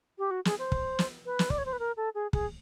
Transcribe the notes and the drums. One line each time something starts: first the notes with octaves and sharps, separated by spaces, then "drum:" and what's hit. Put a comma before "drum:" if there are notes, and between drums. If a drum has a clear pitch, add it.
G4
F#4
G#4, drum: snare
C5
drum: kick
drum: snare
B4
drum: snare
D5, drum: kick
C#5
C5
B4
A#4
A4
G#4
G#4, drum: kick